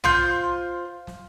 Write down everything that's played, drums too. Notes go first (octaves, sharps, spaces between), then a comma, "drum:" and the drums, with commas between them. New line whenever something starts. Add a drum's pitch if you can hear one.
F4 C5 G6, drum: tom B1
drum: snare